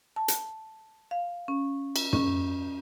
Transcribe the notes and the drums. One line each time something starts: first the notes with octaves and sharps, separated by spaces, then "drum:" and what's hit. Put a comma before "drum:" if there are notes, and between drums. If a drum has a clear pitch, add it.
A5
drum: hi-hat
F5
C#4
drum: cymbal
C#4, drum: tom